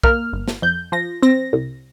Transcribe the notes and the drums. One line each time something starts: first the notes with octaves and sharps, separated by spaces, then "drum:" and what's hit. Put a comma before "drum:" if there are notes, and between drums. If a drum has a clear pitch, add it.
A#3 F6, drum: kick
G1
drum: snare
F2 G6
F3 A#6
C4 A#6
C2